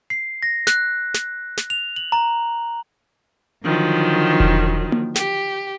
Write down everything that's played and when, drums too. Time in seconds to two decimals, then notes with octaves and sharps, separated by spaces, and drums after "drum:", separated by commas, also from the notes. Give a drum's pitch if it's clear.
0.10 C7
0.42 A#6
0.67 F#6, drum: snare
1.14 drum: snare
1.57 drum: snare
1.70 F7
1.96 F#7
2.12 A#5
3.64 D3 D#3 F3 F#3
4.40 drum: kick E1
4.92 drum: tom A#3
5.16 G4, drum: snare